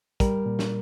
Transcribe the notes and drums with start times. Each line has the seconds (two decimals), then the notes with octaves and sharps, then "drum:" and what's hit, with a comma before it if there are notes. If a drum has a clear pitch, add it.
0.20 G3 A#4, drum: kick, hi-hat
0.46 A#2
0.59 drum: snare